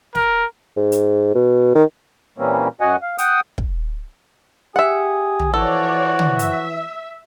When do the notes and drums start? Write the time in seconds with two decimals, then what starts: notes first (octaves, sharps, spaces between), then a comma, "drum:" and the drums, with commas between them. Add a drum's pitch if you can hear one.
0.15 A#4, drum: snare
0.77 G#2
0.92 drum: hi-hat
1.35 B2
1.75 D#3
2.38 A#2 E3 G3 A#3 C4 C#4
2.81 F#2 F#4 D#5 F#5 G#5
3.02 F5
3.18 F#5 G5 D#6, drum: hi-hat
3.58 drum: kick
4.76 G4 G#4 E5 F#5
5.40 drum: tom
5.54 E3 F3 F#4 A4 C#5 D5
6.19 drum: tom
6.39 E5, drum: hi-hat